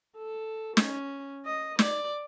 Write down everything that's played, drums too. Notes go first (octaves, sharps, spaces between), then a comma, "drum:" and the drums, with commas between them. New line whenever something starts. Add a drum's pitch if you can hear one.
A4
C#4, drum: snare
D#5
D5, drum: snare